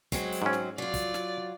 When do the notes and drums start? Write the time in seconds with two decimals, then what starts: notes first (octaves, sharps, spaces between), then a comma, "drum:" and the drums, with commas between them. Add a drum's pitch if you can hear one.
0.12 F#3 G#3 C4, drum: kick, hi-hat
0.32 drum: hi-hat
0.42 G#2 C#4
0.53 drum: snare
0.78 F#3 F4 D5
0.94 drum: kick, hi-hat
1.14 drum: snare